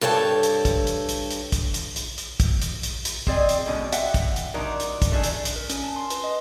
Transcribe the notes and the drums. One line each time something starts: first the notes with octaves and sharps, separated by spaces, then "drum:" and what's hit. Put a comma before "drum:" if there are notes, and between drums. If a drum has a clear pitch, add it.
G2 A4 C#5 G5 A5
drum: hi-hat
drum: kick, hi-hat
drum: hi-hat
drum: hi-hat
drum: hi-hat
drum: kick, hi-hat
drum: hi-hat
drum: hi-hat
drum: hi-hat
drum: kick, hi-hat
drum: hi-hat
drum: hi-hat
drum: hi-hat
C4 G#4 D5 D#5 G5, drum: kick
drum: hi-hat
B2 D3 G#3 C#4 D4 D#5
D#5 E5 F#5 G5, drum: hi-hat
drum: kick, hi-hat
drum: hi-hat
C3 F#3 D4 D#4 A#4
drum: hi-hat
drum: kick, hi-hat
A3 D4 G#4 A4
drum: hi-hat
drum: hi-hat
A#4
C#4, drum: hi-hat
A5
C6
B4, drum: hi-hat
D#5